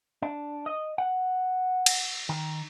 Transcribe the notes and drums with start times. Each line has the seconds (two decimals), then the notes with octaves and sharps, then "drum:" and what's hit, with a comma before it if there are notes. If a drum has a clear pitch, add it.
0.22 D4
0.66 D#5
0.98 F#5
1.86 drum: cymbal
2.29 D#3